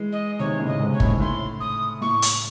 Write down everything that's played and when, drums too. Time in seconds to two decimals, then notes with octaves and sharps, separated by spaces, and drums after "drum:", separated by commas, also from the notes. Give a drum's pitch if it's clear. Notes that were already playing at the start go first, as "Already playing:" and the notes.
Already playing: E3 G#3
0.12 D#5
0.39 C3 D#3 C#5
0.59 A2 C#3
0.66 D#5
0.79 G#2 C3
0.93 C#5
1.00 A2, drum: kick G1
1.20 A2 C6
1.60 D#6
2.01 A2 C#6
2.22 drum: hi-hat